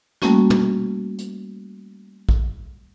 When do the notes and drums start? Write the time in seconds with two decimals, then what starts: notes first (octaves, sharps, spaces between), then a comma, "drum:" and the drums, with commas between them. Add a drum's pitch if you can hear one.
0.22 G3 A3 A#3 C#4 F#4, drum: snare
0.50 drum: tom
1.18 drum: hi-hat
2.29 drum: kick A#1